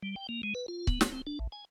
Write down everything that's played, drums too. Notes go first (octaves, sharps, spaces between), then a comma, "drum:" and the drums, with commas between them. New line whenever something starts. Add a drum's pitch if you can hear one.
G3
G5
A#3
G#3
B4
F4
B3, drum: kick C#1
B3, drum: snare
C4
D4
A1
G#5